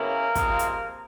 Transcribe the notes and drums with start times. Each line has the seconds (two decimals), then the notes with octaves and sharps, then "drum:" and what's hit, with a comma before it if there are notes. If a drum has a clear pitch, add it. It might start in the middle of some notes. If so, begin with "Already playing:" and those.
Already playing: C#3 F#3 A#3 B3 E4 A#4
0.35 C3 F3 G#3 C4, drum: kick, hi-hat
0.59 drum: hi-hat